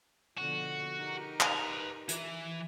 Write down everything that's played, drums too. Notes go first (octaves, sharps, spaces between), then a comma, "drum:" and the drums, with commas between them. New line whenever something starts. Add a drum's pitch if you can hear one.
B2 D3 F3 F#4
D#4 G4 A#4
B4 A#5, drum: clap
E3, drum: hi-hat